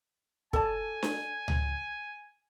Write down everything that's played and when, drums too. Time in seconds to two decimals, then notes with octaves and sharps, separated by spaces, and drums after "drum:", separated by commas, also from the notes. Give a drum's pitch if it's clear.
0.53 A4 D5 G#5 A5, drum: kick
1.03 drum: snare D4
1.48 drum: tom C#2